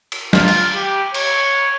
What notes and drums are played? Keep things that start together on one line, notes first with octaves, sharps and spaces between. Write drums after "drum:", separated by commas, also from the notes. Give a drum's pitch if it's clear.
drum: cymbal
F4, drum: snare
drum: cymbal
G4
C#5, drum: cymbal